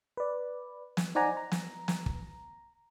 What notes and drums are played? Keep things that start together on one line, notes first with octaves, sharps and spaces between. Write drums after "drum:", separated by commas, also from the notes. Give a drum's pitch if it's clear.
B4 D5
drum: snare
D#4 C5 D5 F#5 G#5 A#5
A#5
drum: snare
drum: snare
drum: kick